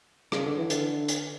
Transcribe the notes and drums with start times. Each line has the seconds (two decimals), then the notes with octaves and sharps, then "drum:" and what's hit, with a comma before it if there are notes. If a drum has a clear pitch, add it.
0.32 C#3, drum: rim click
0.45 D3
0.58 E3
0.70 D3, drum: hi-hat
1.08 drum: hi-hat